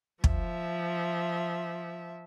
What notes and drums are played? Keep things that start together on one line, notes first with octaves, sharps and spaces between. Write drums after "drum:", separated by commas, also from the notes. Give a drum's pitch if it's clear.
F3 E5, drum: kick